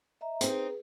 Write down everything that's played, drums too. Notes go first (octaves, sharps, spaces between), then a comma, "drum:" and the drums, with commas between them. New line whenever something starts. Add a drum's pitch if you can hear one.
D#5 E5 A#5
C4 D#4 G#4 B4, drum: hi-hat